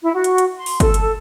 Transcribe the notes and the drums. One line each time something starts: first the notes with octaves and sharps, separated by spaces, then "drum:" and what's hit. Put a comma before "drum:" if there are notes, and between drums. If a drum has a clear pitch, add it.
E4
F#4
drum: hi-hat
drum: hi-hat
C6
drum: open hi-hat
A4, drum: kick, hi-hat
drum: hi-hat